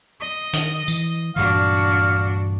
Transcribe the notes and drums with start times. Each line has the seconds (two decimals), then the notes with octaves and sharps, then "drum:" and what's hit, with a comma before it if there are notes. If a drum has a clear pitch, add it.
0.20 D#5
0.53 D#3, drum: hi-hat
0.88 E3, drum: tambourine
1.36 G2 A#2 E3 D4 F#4 F5